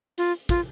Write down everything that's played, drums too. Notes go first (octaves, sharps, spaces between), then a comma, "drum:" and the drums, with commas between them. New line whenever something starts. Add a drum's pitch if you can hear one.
F4, drum: hi-hat
F4, drum: kick, hi-hat